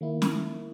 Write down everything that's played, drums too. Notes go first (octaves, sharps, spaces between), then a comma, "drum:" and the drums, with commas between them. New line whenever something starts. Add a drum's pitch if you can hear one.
D#3 A#3 E4
drum: snare